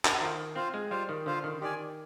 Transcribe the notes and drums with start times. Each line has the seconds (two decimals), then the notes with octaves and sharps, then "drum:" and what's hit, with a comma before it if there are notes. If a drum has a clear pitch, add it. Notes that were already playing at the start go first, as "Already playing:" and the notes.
0.05 drum: clap
0.20 D#3 F4 C5 F5
0.56 C4 F4 C5 F5
0.74 G#3
0.91 G3 F4 C5 F5
1.09 D#3
1.26 D3 F4 C5 F5
1.44 D#3
1.61 D#3 G4 D5 G#5